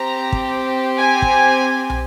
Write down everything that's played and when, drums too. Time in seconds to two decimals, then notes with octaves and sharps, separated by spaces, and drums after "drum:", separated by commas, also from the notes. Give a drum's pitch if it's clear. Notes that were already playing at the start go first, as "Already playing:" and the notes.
Already playing: C4 G4 A#5
0.32 drum: kick
1.00 G#5
1.22 drum: kick
1.90 drum: tom